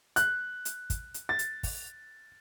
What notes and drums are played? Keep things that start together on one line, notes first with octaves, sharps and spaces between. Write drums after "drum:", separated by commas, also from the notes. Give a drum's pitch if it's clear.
F#6, drum: hi-hat
drum: hi-hat
drum: kick, hi-hat
drum: hi-hat
A6
drum: hi-hat
drum: kick, open hi-hat